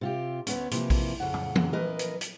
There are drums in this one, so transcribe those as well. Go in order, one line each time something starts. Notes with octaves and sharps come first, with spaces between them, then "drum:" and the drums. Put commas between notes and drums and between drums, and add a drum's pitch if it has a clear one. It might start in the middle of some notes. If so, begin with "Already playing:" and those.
C3 F4 G4
D2 B3 C#4, drum: hi-hat
C3 E3 F3 A#3, drum: hi-hat
drum: kick A#1, open hi-hat
F2 C#3 F#5
drum: tom
drum: tom E3
E3 A#4 B4 D#5
drum: hi-hat
drum: hi-hat